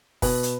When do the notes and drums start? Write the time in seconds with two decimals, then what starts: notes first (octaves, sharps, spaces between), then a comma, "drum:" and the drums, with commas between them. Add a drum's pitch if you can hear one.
0.22 B2 B4, drum: kick F#1, open hi-hat
0.43 drum: hi-hat